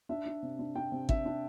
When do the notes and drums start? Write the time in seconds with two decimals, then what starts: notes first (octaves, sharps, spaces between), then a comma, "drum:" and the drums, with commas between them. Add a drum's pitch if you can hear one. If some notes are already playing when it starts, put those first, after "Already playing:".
0.09 D4 E5
0.26 D4
0.43 C3
0.59 D4
0.75 D4 G5
0.92 C3
1.09 D4 E5, drum: kick
1.26 D4